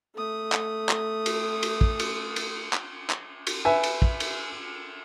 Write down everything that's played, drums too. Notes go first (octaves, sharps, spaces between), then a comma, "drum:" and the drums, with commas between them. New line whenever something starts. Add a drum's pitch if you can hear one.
A3 D#6
drum: clap
drum: clap
drum: cymbal
drum: cymbal
drum: kick
drum: cymbal
drum: cymbal
drum: clap
drum: clap
drum: cymbal
B4 E5 G#5
drum: cymbal
drum: kick
drum: cymbal